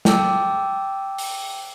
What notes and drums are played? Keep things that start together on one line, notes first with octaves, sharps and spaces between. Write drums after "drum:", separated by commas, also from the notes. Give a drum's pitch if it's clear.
G5 A5 D6 E6, drum: snare
drum: open hi-hat